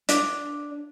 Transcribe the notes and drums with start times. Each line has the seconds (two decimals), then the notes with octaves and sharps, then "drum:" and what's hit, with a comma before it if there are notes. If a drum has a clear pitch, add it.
0.09 D4, drum: hi-hat